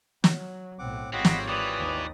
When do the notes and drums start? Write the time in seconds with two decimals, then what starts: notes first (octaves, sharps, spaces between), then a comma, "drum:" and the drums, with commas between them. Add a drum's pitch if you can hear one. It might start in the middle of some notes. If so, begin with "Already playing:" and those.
0.24 F#3, drum: snare
0.79 B1 A2 C4 F#5 D6
1.13 G#1 C4 F4 G4 C#5 D#5 F#5 B5
1.25 drum: snare
1.48 E3 B4 D5 D#6
1.79 D#2 D#4